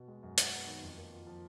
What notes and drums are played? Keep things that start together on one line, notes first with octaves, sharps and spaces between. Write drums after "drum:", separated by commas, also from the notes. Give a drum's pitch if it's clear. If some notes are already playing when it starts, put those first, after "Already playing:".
Already playing: B2
G#3
F#2
F#3, drum: hi-hat
B3
D#3
F2
A#3
F4
F3